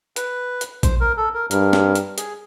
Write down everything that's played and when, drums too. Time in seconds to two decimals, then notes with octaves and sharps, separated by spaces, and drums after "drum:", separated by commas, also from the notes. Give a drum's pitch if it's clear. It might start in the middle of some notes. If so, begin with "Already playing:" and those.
0.16 B4, drum: hi-hat
0.61 drum: hi-hat
0.83 C5, drum: kick A#1, hi-hat
1.01 A#4
1.17 A4
1.34 A#4
1.51 G2 A#4, drum: hi-hat
1.73 drum: snare
1.95 drum: hi-hat
2.18 G#4, drum: hi-hat